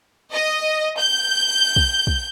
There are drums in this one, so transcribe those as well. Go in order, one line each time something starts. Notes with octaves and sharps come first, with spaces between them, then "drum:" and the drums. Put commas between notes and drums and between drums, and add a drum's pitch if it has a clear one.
D#5
G6
drum: kick
drum: kick